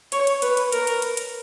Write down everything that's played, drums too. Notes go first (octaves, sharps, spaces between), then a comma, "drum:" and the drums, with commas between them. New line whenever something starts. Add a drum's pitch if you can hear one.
C#5, drum: hi-hat
drum: hi-hat
B4, drum: hi-hat
drum: hi-hat
A#4, drum: hi-hat
drum: hi-hat
drum: hi-hat
drum: hi-hat